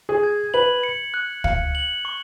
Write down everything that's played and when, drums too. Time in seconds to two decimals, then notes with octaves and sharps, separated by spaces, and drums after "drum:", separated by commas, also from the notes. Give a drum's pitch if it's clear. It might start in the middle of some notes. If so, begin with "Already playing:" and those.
0.09 G#4
0.24 G#6
0.54 B4 F#7
0.83 C#7
1.14 F#6
1.44 F5 C#7, drum: kick
1.75 F#7
2.05 C#6